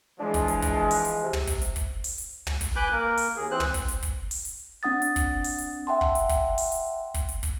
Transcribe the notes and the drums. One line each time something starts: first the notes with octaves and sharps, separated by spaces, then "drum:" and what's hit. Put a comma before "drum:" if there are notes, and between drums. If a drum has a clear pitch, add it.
E3 F3 G#3 D4
drum: kick, hi-hat
drum: hi-hat
drum: kick, hi-hat
drum: open hi-hat
drum: hi-hat
C3
drum: tom
drum: kick, hi-hat
drum: hi-hat
drum: kick, hi-hat
drum: open hi-hat
drum: hi-hat
drum: tom
drum: kick, hi-hat
B4 G#5 B5 D6 F#6 G6
A#3 A#4
drum: open hi-hat
D#2 G#4
E3 C4 C5 F#6
drum: tom
drum: kick, hi-hat
drum: hi-hat
drum: kick, hi-hat
drum: open hi-hat
drum: hi-hat
C4 D4 F#5 D#6 A6
drum: hi-hat
drum: kick, hi-hat
drum: open hi-hat
drum: hi-hat
E5 F#5 G5 A5 C6
drum: kick
drum: hi-hat
drum: kick, hi-hat
drum: open hi-hat
drum: hi-hat
drum: kick, hi-hat
drum: hi-hat
drum: kick, hi-hat